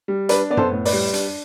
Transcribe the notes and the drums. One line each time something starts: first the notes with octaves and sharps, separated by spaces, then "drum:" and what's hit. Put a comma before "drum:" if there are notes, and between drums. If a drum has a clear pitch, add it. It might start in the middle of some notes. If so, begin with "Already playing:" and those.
G3
D4 B4 D5, drum: hi-hat
B3 D5
A4 C5, drum: tom F#2
A2
B4 D5, drum: open hi-hat
G3
D4, drum: hi-hat